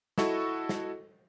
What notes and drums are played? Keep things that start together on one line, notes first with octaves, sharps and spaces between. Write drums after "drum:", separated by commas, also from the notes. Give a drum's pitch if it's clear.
E4 F#4 A4 D#5 C#6 E6, drum: snare
drum: snare